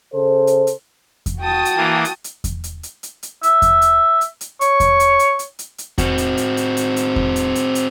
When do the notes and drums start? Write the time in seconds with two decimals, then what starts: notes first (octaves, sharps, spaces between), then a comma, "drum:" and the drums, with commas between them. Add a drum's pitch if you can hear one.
0.13 C#3 A4 C5
0.47 drum: hi-hat
0.67 drum: hi-hat
1.26 drum: kick E2, hi-hat
1.41 F#4 G5 A5 D#6
1.65 drum: hi-hat
1.77 E3 A#3
2.05 drum: hi-hat
2.24 drum: hi-hat
2.44 drum: kick E2, hi-hat
2.64 drum: hi-hat
2.83 drum: hi-hat
3.03 drum: hi-hat
3.23 drum: hi-hat
3.43 E5, drum: hi-hat
3.62 drum: kick E2, hi-hat
3.82 drum: hi-hat
4.21 drum: hi-hat
4.41 drum: hi-hat
4.61 C#5, drum: hi-hat
4.80 drum: kick E2, hi-hat
5.00 drum: hi-hat
5.19 drum: hi-hat
5.39 drum: hi-hat
5.59 drum: hi-hat
5.78 drum: hi-hat
5.98 C4 F#4, drum: kick E2, hi-hat
6.18 drum: hi-hat
6.37 drum: hi-hat
6.57 drum: hi-hat
6.77 drum: hi-hat
6.96 drum: hi-hat
7.16 drum: kick E2
7.36 drum: hi-hat
7.55 drum: hi-hat
7.75 drum: hi-hat